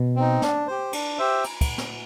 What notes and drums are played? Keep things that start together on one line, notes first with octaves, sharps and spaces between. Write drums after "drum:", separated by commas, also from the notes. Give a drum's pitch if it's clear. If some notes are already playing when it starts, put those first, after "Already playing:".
Already playing: B2
C4 D#4
D4, drum: snare
G4 C5
D4, drum: cymbal
G4 C5 E5
drum: cymbal
drum: kick, cymbal
drum: snare